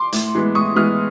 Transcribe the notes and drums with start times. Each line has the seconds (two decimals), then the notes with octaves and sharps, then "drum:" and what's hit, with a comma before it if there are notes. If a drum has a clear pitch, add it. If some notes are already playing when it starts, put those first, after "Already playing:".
Already playing: C6 D6
0.12 A2, drum: hi-hat
0.35 E3 G#3 B3
0.55 A2 C#6 D#6
0.76 E3 G#3 B3 D#6 F6